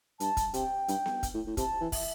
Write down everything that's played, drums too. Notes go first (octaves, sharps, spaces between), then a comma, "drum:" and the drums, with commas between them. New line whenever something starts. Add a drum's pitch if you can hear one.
G2 A5, drum: hi-hat
drum: kick, hi-hat
C3 G5, drum: hi-hat
G2, drum: hi-hat
drum: snare B3
drum: kick, hi-hat
A2
A2
C3 A5, drum: kick, hi-hat
E3
E5, drum: kick, open hi-hat